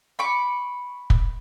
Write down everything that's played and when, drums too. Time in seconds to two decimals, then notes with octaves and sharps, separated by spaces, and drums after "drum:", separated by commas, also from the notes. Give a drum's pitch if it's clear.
0.19 B5 C#6 D6
1.10 drum: kick